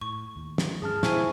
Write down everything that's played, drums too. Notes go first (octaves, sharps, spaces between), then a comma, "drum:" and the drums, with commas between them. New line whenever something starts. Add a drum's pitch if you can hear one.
A2 C#6
D#2
drum: snare
G#2 G#4 A5 F6
B2 D#3 A3 E4 G#4 C5 C#6, drum: snare